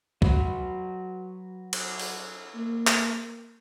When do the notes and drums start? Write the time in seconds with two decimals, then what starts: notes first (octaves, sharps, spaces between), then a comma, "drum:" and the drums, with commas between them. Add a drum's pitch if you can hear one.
0.22 F#3 F#4 B4, drum: kick
1.73 drum: cymbal
1.99 drum: open hi-hat
2.56 A#3
2.87 drum: clap